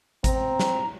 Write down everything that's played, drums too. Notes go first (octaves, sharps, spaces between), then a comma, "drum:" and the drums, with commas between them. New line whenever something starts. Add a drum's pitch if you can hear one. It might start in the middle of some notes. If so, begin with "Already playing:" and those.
C4 A#5, drum: kick G#1, hi-hat
drum: snare